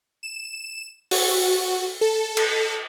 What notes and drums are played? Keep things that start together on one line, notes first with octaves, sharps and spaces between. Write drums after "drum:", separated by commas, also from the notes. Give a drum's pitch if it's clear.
E7
F#4, drum: open hi-hat
A4
drum: cymbal